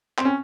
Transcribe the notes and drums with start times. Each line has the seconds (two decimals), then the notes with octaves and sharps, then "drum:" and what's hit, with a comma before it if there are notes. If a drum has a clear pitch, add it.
0.18 C4, drum: clap
0.25 C#4